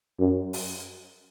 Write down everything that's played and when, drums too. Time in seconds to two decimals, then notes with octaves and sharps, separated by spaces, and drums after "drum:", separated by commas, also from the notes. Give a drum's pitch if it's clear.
0.19 F#2
0.53 drum: open hi-hat